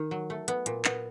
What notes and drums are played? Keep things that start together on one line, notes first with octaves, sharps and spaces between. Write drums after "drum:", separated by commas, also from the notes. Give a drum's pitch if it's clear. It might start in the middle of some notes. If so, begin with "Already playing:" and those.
Already playing: D#3
F#3
A3
B3, drum: hi-hat
A#2, drum: hi-hat
B3, drum: clap